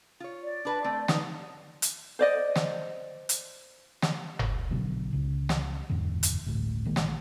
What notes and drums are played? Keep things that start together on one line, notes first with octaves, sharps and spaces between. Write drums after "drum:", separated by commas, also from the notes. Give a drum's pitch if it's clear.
F4 C#5
D5
D4 B4 A5
A3 C4
D#4 B4, drum: snare
drum: hi-hat
C5 D5 D#5
drum: snare
drum: hi-hat
drum: snare
drum: tom F#1
A#1 B2 D3 F#3
C#2 C#3
drum: snare
F#1 E2 G#2 D3
drum: hi-hat
G1 D2 A2
A#1 D#3 G#3 A#3
drum: snare